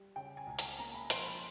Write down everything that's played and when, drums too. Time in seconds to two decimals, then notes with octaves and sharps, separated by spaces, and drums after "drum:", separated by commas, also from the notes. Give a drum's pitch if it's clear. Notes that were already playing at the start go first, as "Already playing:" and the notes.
Already playing: G3
0.16 C#3 G5
0.37 G#5
0.47 C#2
0.59 A5, drum: hi-hat
0.79 A#3 A#5
0.95 B5
1.10 F3 C6, drum: hi-hat
1.26 B5